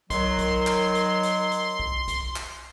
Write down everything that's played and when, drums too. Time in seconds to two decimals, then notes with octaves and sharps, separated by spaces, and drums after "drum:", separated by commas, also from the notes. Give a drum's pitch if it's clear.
0.10 D#3 F#3 C6, drum: kick B1, hi-hat
0.39 drum: kick B1, hi-hat
0.67 drum: clap
0.95 drum: hi-hat
1.23 drum: hi-hat
1.51 drum: hi-hat
1.80 drum: kick B1
2.08 drum: kick B1, hi-hat
2.36 drum: clap